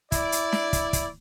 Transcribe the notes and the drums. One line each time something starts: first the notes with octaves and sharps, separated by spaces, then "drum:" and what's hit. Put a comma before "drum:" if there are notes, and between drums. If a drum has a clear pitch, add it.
E4 D5, drum: kick, hi-hat
drum: hi-hat
drum: snare
drum: kick, hi-hat
drum: kick, hi-hat